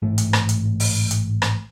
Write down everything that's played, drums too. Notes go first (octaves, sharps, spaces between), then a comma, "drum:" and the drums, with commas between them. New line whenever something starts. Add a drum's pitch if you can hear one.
A1 G#2 A3
drum: hi-hat
drum: rim click
drum: hi-hat
drum: open hi-hat
drum: hi-hat
drum: rim click